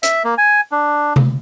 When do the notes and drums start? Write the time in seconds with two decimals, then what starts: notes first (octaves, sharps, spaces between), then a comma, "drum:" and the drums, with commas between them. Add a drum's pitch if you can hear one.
0.03 E5, drum: hi-hat
0.24 A#3
0.38 G#5
0.72 D4
1.16 drum: tom C3